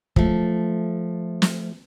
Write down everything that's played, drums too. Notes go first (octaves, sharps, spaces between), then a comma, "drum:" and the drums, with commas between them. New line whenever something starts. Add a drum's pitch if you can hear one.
F3 A3, drum: kick
drum: snare